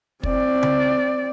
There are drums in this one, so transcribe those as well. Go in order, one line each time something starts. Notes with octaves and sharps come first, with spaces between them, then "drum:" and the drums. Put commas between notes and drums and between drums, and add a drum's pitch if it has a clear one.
C4 D5, drum: kick
drum: tom C#3